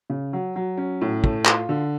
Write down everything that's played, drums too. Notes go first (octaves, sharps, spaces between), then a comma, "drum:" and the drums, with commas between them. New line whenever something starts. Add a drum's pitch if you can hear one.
C#3
F#3
F#3
C#4
A2
A3, drum: kick
F4, drum: clap
D3